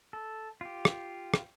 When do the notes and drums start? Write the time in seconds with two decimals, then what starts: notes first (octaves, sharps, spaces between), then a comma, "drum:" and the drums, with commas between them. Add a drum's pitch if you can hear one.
0.13 A4
0.61 F4 G4
0.85 drum: rim click
1.34 drum: rim click